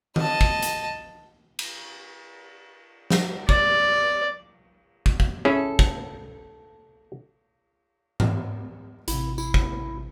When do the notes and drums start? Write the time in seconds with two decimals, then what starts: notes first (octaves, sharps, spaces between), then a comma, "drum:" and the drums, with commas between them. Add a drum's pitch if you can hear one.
0.16 D#5 A5, drum: tom D#3
0.41 drum: kick
0.63 drum: hi-hat
1.59 drum: cymbal
3.10 drum: snare
3.49 D5, drum: kick
5.06 drum: kick
5.20 drum: kick
5.45 C#4 E4 G#4 A4
5.79 drum: kick
8.20 drum: tom G#2
9.08 A1 C3 E4, drum: hi-hat
9.38 E4, drum: tambourine
9.54 drum: kick